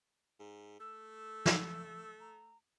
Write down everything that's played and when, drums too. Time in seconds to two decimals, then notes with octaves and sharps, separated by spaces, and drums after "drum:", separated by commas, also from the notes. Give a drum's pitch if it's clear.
0.39 G#2
0.80 A3 E6
1.46 drum: snare
2.20 A#5